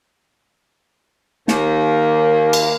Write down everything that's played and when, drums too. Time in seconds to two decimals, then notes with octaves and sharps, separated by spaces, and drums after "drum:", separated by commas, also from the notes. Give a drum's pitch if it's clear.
1.48 D#2 A#3, drum: snare
2.53 drum: cymbal